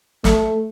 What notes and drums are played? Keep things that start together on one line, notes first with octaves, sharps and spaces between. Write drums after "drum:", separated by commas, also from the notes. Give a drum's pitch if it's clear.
A3, drum: snare